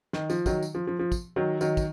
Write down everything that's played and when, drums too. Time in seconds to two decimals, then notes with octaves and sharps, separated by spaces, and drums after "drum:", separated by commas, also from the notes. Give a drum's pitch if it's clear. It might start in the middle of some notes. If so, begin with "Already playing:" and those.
0.13 D#3, drum: snare
0.30 F3, drum: tambourine
0.46 D#3 F#3, drum: kick, tambourine
0.63 drum: tambourine
0.75 F3
0.87 F3
0.99 F3
1.12 drum: kick, tambourine
1.36 D#3 F#3
1.61 D#3 F#3, drum: tambourine
1.77 drum: kick, tambourine